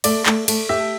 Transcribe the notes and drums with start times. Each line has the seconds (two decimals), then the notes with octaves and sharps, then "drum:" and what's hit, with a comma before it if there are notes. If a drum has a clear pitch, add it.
0.04 A3 D5, drum: cymbal
0.26 A3, drum: clap
0.48 A3, drum: cymbal
0.69 G4 E5